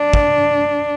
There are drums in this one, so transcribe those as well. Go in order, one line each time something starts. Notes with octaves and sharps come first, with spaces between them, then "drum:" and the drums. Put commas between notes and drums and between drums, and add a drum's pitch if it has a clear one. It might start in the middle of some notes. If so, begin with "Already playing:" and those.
Already playing: D4
drum: kick